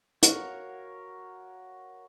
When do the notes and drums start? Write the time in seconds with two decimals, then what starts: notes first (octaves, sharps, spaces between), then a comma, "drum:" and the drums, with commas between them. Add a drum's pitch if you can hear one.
0.23 F#4 A#4 C#5 F5 F#5, drum: hi-hat